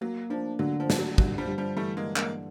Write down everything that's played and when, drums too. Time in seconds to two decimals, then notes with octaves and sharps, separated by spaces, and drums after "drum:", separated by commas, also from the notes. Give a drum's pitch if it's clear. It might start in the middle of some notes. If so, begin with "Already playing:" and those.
0.01 F#3 A#3
0.30 F3 D4
0.59 D3 F#3
0.80 F3
0.90 D3, drum: snare
0.99 F#3
1.18 G2 F#3, drum: kick
1.38 F3 G3
1.47 G2
1.58 F3 G3
1.76 E3 G3 A3
1.97 G#3 A#3
2.06 E3
2.16 G#3 A#3, drum: clap